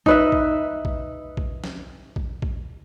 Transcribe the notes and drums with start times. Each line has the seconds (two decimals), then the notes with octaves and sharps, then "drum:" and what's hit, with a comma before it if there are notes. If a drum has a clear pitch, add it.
0.06 D#4 B4 E5, drum: kick
0.32 drum: kick
0.85 drum: kick
1.37 drum: kick
1.64 drum: snare
2.16 drum: kick
2.42 drum: kick